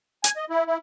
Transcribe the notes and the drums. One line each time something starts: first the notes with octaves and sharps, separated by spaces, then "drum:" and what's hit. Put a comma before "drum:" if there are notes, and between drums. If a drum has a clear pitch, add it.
G#5, drum: hi-hat
D#5
E4
E4